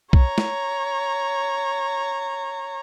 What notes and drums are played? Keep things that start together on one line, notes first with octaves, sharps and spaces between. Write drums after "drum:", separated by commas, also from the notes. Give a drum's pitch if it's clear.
C#5 A#5, drum: kick B1
drum: snare